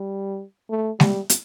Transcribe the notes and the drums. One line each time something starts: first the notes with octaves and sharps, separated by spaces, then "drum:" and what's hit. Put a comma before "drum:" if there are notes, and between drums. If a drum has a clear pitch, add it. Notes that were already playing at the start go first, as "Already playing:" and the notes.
Already playing: G3
A3
G3, drum: snare G#3
drum: hi-hat